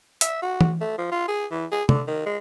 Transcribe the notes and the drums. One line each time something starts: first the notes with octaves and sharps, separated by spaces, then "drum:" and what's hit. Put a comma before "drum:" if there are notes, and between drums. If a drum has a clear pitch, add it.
E5, drum: hi-hat
F#4
drum: tom E3
A3
F3
F4
G#4
E3
G#4
D3, drum: tom
D#3
G#3